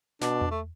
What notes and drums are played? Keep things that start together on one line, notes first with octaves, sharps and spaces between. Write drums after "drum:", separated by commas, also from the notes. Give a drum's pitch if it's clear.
B2 D4, drum: snare
drum: tom E2
A3